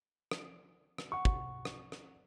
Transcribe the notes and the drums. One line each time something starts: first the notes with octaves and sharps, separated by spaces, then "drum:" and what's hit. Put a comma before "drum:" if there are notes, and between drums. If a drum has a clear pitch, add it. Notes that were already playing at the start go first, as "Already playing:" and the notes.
drum: rim click
drum: rim click
F#5 C#6
drum: kick
drum: rim click
drum: rim click